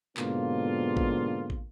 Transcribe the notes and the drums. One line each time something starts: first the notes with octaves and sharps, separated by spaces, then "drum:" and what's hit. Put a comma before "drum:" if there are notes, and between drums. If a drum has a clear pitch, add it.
G#2 B2 D3 A#3 C4 F4, drum: clap
drum: kick
drum: kick